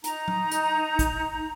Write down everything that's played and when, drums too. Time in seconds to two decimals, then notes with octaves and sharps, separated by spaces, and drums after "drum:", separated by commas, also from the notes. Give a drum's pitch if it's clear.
0.04 D#4 A#5, drum: hi-hat
0.28 drum: tom F#3
0.51 drum: hi-hat
0.99 drum: kick, hi-hat